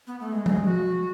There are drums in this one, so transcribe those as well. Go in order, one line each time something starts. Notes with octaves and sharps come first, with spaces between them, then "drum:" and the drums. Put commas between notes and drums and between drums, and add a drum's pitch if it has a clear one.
B3
A3
G#3
G#3, drum: tom F3
F#4